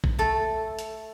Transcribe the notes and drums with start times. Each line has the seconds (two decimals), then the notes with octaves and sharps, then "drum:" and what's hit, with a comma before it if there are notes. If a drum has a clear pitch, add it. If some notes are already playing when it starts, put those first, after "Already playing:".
0.04 drum: kick A1
0.19 A3 A4
0.79 drum: hi-hat